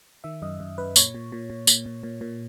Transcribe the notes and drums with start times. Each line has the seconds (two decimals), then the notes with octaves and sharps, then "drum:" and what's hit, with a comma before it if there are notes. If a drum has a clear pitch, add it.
0.24 D#3 E5
0.42 F#2 D#5
0.60 F#2
0.78 F#2 B4
0.96 A#2 C#5, drum: tambourine
1.15 A#2
1.32 A#2
1.50 A#2
1.67 A#2, drum: tambourine
1.86 A#2
2.03 A#2
2.21 A#2